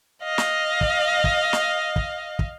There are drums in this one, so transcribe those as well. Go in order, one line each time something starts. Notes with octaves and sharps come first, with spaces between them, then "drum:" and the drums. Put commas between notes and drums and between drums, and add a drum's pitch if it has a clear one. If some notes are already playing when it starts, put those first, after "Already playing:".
D#5 F5
drum: snare
drum: kick
drum: kick
drum: snare
drum: kick
drum: kick